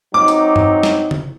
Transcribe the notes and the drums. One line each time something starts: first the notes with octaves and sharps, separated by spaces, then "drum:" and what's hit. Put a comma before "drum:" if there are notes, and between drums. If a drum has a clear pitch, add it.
F#3 C4 D#4 D6
drum: hi-hat
drum: tom G2
drum: snare
drum: tom C#3